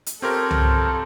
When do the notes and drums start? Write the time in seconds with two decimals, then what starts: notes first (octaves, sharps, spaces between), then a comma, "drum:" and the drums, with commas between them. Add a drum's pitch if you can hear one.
0.06 drum: hi-hat
0.22 C4 F4 G4 A4 A#4 C5 C#5
0.51 drum: tom C2